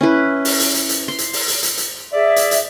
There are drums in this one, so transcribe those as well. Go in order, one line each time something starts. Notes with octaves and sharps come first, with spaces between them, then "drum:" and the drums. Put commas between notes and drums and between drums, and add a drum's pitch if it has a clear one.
C#4 E4 B4
drum: open hi-hat
drum: hi-hat
drum: hi-hat
drum: hi-hat
C6
drum: hi-hat
drum: open hi-hat
drum: hi-hat
drum: hi-hat
drum: hi-hat
G#4 D5 E5
drum: hi-hat
drum: hi-hat